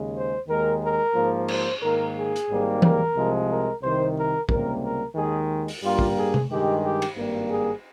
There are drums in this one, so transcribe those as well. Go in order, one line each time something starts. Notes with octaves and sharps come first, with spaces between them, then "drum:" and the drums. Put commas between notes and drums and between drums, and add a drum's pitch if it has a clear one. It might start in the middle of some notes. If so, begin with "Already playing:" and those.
Already playing: D#2 C#3 G#3
C5
D#2 D#3 G#3 A#4
A#4
G#2 F3 A#3
C5, drum: cymbal
G#2 D#3 A#3 A#4
G#4
drum: hi-hat
G#1 G#2 G3 A#3
A#4, drum: tom E3
C2 C3 F3 G#3
A#4
C2 C3 D#3 C5
A#4
C#2 C3 G3 A#3 A#4, drum: kick
A#4
D#2 D#3 G#3 G#4
drum: open hi-hat
G2 G3 A#3 F4
drum: kick
G#4
drum: tom C3
G2 D#3 G#3 G4
G4
drum: cymbal
G#1 G2 G3 A#3
G#4